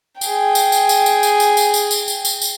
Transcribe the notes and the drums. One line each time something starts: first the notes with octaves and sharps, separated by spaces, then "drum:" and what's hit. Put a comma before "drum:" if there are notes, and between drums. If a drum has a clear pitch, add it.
G#4 G5, drum: tambourine
drum: tambourine
drum: tambourine
drum: tambourine
drum: tambourine
drum: tambourine
drum: tambourine
drum: tambourine
drum: tambourine
drum: tambourine
drum: tambourine
drum: tambourine
drum: tambourine